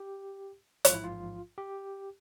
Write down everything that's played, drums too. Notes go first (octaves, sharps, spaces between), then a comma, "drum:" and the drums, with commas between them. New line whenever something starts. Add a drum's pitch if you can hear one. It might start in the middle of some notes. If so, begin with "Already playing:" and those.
Already playing: G4
A1 G#2 F3 F4, drum: hi-hat
E4
F4
G4